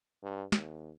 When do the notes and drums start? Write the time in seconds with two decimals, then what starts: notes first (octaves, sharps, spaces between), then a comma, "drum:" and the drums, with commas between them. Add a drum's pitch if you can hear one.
0.23 G2
0.52 D#2, drum: snare